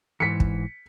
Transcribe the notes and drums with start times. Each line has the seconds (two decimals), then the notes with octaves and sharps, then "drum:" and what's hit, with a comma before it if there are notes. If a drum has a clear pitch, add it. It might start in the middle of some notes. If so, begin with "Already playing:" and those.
0.20 G#2 E3 B6 C#7
0.40 drum: kick